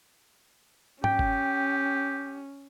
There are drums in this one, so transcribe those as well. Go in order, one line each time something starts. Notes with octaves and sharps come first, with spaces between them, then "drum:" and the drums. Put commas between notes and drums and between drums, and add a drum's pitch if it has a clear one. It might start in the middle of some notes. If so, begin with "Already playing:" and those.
C#4 G4 G5, drum: tom G#2
drum: kick G1